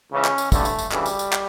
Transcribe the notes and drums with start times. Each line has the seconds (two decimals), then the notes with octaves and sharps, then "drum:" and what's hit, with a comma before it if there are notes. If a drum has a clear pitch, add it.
0.11 C#2 C#3 E3 C#4
0.25 drum: clap
0.38 drum: tambourine
0.52 A1 G2 D3 A3, drum: kick, tambourine
0.65 drum: tambourine
0.79 drum: tambourine
0.91 D2 C#3 E3 G3, drum: clap
1.06 drum: tambourine
1.19 drum: tambourine
1.33 drum: clap